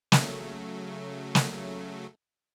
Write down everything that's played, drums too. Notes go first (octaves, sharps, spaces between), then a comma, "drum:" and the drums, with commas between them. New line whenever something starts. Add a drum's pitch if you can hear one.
C#3 F#3 A3, drum: snare
drum: snare